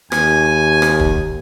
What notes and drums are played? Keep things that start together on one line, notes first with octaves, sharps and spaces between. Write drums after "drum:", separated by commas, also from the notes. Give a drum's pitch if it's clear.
D#2 G#5, drum: rim click
drum: rim click
drum: kick